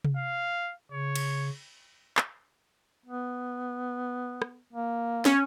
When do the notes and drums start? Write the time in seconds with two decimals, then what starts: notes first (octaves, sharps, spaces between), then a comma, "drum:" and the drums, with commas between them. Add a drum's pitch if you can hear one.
0.04 drum: tom C3
0.16 F5
0.92 C#3 C#5
1.16 drum: cymbal
2.17 drum: clap
3.06 B3
4.42 drum: rim click
4.73 A#3
5.25 C#4, drum: snare